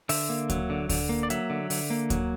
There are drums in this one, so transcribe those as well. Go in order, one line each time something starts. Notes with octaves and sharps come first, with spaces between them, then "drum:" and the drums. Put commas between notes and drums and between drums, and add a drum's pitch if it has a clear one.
D3 E5, drum: open hi-hat
A#3
F#3, drum: kick D2, hi-hat
D3
D3, drum: kick D2, open hi-hat
A#3
D5
F#3 E5, drum: hi-hat
D3
D3, drum: open hi-hat
A#3
F#3, drum: kick D2, hi-hat